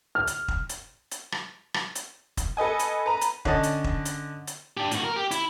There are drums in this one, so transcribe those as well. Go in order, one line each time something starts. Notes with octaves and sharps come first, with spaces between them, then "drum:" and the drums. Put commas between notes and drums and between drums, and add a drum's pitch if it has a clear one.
F6
drum: hi-hat
drum: kick
drum: hi-hat
drum: hi-hat
drum: rim click
drum: rim click
drum: hi-hat
drum: kick, hi-hat
A4 B4 D#5 G#5
drum: hi-hat
B4 A#5
drum: hi-hat
D3 C#4 D#5 A5, drum: kick
drum: hi-hat
drum: kick
drum: hi-hat
drum: hi-hat
D4 G4
A2 F#4, drum: hi-hat
A#4
G4
E4, drum: hi-hat